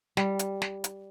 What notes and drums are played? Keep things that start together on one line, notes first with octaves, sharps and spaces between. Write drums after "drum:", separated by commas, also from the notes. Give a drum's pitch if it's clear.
G3, drum: snare
drum: hi-hat
drum: snare
drum: hi-hat